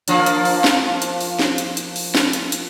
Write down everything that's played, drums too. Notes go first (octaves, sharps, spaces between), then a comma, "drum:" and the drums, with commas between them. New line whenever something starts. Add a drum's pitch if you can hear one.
F3 A#3 D4, drum: hi-hat
drum: hi-hat
drum: open hi-hat
drum: snare
drum: hi-hat
drum: open hi-hat
drum: snare
drum: hi-hat
drum: hi-hat
drum: open hi-hat
drum: snare
drum: hi-hat
drum: hi-hat